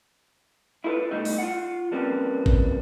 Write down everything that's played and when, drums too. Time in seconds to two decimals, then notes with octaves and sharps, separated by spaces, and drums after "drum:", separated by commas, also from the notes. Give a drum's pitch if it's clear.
0.84 E4 F4 A4 B4
1.11 B1 B2 G3 A3 D#4
1.25 drum: open hi-hat
1.38 F4 F5 F#5
1.91 F3 G3 A#3 C4 C#4 B4
2.46 drum: kick A1